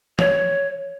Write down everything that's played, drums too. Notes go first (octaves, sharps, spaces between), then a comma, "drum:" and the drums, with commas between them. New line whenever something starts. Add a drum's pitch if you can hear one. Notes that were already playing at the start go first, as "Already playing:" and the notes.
C#5, drum: tom